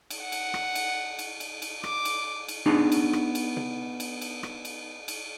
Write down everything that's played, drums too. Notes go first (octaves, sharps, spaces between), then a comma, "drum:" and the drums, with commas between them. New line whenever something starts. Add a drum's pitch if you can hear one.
drum: cymbal
F#5
drum: cymbal
drum: rim click
drum: cymbal
drum: cymbal
drum: cymbal
drum: cymbal
D6, drum: rim click
drum: cymbal
drum: cymbal
B3 D4 D#4 G#4
drum: cymbal
drum: rim click
drum: cymbal
drum: tom
drum: cymbal
drum: cymbal
drum: rim click
drum: cymbal
drum: cymbal